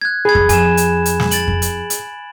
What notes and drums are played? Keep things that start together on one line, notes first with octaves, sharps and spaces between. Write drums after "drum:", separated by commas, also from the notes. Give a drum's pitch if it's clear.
F#6 G#6
G#4 B5 G#6
drum: kick F2
F2 G#5 E7, drum: hi-hat
drum: hi-hat
drum: hi-hat
drum: snare
A6 D7 F#7, drum: hi-hat
drum: kick F2
drum: hi-hat
drum: hi-hat